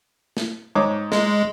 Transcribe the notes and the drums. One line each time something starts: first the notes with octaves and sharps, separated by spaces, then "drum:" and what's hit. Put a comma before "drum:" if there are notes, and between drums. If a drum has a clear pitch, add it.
drum: snare
G#2 C#5 D6
G#3, drum: snare